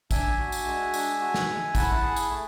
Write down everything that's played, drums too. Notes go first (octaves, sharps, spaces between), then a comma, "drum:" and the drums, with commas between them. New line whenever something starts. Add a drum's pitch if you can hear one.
D4 E5 G#5, drum: kick A1, tambourine
F#4
drum: tambourine
G#3
D4, drum: tambourine
F#4
drum: snare
G#3
E4 F#5 A5, drum: kick A1, tambourine
G#4
drum: tambourine
A3